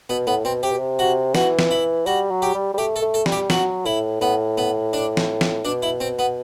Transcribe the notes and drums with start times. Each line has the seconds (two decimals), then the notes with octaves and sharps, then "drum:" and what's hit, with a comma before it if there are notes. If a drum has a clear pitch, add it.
0.10 B2 B3
0.27 A2 B3
0.45 B2 C4
0.63 C3 G4
0.71 B2
0.79 C3
0.99 F#4
1.35 E3 F#4, drum: snare
1.59 drum: snare
1.71 E4
2.06 G3 F#4
2.31 F#3
2.42 G4
2.54 G3
2.74 G3
2.78 A3 G4
2.96 A4
3.02 A3
3.14 A4
3.26 G3, drum: snare
3.32 G4
3.50 F#3 F#4, drum: snare
3.86 A2 E4
4.21 A2 B3
4.58 B3
4.93 D4
5.17 drum: snare
5.41 drum: snare
5.65 B2 D4
5.82 E4
6.00 C4
6.19 B3